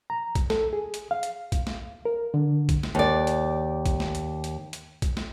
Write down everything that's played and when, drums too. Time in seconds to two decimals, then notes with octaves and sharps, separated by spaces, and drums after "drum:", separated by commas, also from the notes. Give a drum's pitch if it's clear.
0.10 A#5
0.35 drum: kick A#1, hi-hat
0.50 A4, drum: snare
0.73 G#4
0.94 drum: hi-hat
1.11 F5
1.23 drum: hi-hat
1.52 drum: kick A#1, hi-hat
1.67 drum: snare
2.05 A#4
2.34 D3
2.69 drum: kick A#1, hi-hat
2.83 drum: snare
2.95 D#2 D5
3.27 drum: hi-hat
3.86 drum: kick A#1, hi-hat
4.00 drum: snare
4.15 drum: hi-hat
4.44 drum: hi-hat
4.73 drum: hi-hat
5.02 drum: kick A#1, hi-hat
5.17 drum: snare